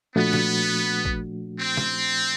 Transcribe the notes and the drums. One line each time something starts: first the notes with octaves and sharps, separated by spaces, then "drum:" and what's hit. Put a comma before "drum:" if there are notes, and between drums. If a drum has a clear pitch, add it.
A#2 F3 A3 B3 D4 F#4
drum: snare
drum: kick A1
C4
drum: snare